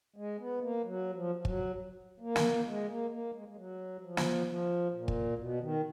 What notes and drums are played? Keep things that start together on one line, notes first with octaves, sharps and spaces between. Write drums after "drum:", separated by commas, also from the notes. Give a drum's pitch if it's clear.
G#3
B3
A#3
F#3
F3
F3
F#3, drum: kick
A#3
drum: snare
G#3
A#3
A#3
G#3
G#3
F#3
F3
drum: snare
F3
A#2
drum: kick
B2
D#3